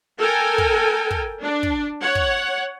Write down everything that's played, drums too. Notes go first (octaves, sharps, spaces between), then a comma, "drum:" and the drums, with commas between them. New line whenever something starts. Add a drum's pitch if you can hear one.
A4 A#4 G5 G#5
drum: kick
drum: kick
D4
drum: kick
C#5 F#5
drum: kick